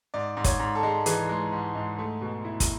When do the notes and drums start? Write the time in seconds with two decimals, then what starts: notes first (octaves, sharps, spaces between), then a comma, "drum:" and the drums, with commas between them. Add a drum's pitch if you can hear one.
0.14 G#2 D5
0.37 G#2
0.44 C#5, drum: kick, hi-hat
0.59 G#2
0.75 A4
0.83 G#3
1.06 E3 G#4, drum: hi-hat
1.29 G#3
1.52 G#2
1.75 G#2
1.98 A3
2.21 B2
2.45 E4
2.60 drum: kick, hi-hat